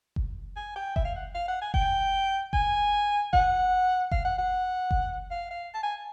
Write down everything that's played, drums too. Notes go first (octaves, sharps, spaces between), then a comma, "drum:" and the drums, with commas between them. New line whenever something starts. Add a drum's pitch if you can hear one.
drum: kick F#1
G#5
G5
E5, drum: kick F#1
F5
F#5
F5
F#5
G#5
G5, drum: kick F#1
G#5, drum: kick F#1
F#5, drum: kick F#1
F5, drum: kick F#1
F#5
F#5
drum: kick F#1
F5
F5
A5
G#5